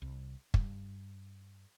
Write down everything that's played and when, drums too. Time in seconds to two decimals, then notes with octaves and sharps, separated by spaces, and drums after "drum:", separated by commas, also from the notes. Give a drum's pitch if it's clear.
0.02 C2
0.54 G2, drum: kick